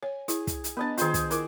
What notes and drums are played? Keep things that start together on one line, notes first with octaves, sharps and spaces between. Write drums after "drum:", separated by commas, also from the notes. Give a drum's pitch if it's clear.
C#5 G#5
E4 G#4, drum: hi-hat
drum: kick, hi-hat
drum: hi-hat
B3 D4 B4 D#5 A5
D#3 F4 G#4 C5 G5, drum: hi-hat
drum: kick, hi-hat
E4 A#4 D6, drum: hi-hat